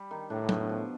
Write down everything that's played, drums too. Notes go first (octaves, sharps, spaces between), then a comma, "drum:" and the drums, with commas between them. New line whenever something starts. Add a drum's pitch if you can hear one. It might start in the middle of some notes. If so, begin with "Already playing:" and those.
Already playing: G3
D#3
A2 D4
B2, drum: tom F#3
F3